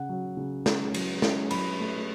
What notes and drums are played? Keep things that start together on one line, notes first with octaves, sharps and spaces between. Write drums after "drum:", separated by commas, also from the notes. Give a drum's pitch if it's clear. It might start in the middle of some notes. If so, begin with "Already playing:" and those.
Already playing: C#3 F#5
F#3
C#3
C#4, drum: snare
F#3, drum: cymbal
C#4, drum: snare
F#3 B5, drum: cymbal
A3